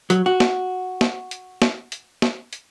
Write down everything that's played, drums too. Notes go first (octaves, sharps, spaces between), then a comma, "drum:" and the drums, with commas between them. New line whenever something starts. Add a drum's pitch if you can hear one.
F#3, drum: hi-hat
F#4
drum: snare
drum: snare
drum: hi-hat
drum: snare
drum: hi-hat
drum: snare
drum: hi-hat